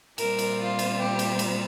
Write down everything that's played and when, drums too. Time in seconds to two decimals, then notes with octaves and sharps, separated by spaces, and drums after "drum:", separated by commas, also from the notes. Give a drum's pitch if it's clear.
0.18 A#2 G3 C4 A#4, drum: cymbal
0.39 drum: cymbal
0.59 F4
0.79 drum: cymbal
0.99 G4
1.19 drum: cymbal
1.39 drum: cymbal